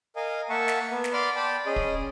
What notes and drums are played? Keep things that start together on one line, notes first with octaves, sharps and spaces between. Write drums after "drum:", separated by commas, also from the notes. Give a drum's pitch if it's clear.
A#4 D#5 F5 G#5
A#3 E5 F#5 A5 C#6
drum: snare
B3
drum: snare
D5 B5 C6 D6 F6
D5 G5 A5 B5
C#4 G#4 D#5
drum: kick